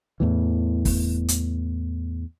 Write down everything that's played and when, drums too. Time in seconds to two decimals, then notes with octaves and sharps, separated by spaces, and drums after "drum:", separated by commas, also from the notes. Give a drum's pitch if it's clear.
0.20 E2 A2 E3
0.85 drum: kick, open hi-hat
1.28 drum: hi-hat